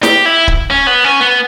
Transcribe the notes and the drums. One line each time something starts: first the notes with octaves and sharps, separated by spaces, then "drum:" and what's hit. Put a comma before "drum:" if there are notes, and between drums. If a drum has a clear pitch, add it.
G4, drum: snare
E4
drum: kick D1
C#4
B3
C#4
B3